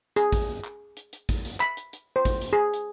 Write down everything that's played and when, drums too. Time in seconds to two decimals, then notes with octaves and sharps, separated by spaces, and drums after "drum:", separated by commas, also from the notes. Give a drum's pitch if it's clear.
0.16 G#4, drum: hi-hat
0.32 drum: kick A1, hi-hat
0.65 drum: clap
0.97 drum: hi-hat
1.13 drum: hi-hat
1.29 drum: kick A1, hi-hat
1.45 drum: hi-hat
1.60 B5, drum: clap
1.77 drum: hi-hat
1.93 drum: hi-hat
2.16 C5
2.25 drum: kick A1, hi-hat
2.41 drum: hi-hat
2.53 G#4
2.74 drum: hi-hat